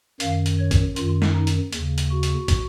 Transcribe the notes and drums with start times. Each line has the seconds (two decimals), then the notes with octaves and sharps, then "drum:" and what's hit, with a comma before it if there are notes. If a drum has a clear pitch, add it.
0.20 F#2 D#3 F5, drum: hi-hat
0.46 drum: hi-hat
0.59 C#5
0.71 drum: kick, hi-hat
0.96 F#2 D#3 F4, drum: hi-hat
1.22 drum: snare
1.35 D#4
1.47 drum: hi-hat
1.73 D#2 C#3, drum: hi-hat
1.98 drum: hi-hat
2.11 F#4
2.23 drum: hi-hat
2.48 drum: kick, hi-hat